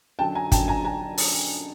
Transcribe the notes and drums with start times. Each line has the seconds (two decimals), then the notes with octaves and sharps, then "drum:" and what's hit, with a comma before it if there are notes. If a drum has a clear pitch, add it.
0.19 F#2 D3 F#3 G5 A5
0.35 G#5 A#5
0.52 F#2 D3 F#3 G5 A5, drum: kick, hi-hat
0.68 G#5 A#5
0.84 F#3 G#5 A#5
1.18 drum: open hi-hat